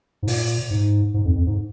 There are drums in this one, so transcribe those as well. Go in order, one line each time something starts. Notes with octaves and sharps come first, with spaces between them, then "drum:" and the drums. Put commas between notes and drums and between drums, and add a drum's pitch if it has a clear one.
G#2
A#2, drum: open hi-hat
G#2
G#2
F2
F2
G#2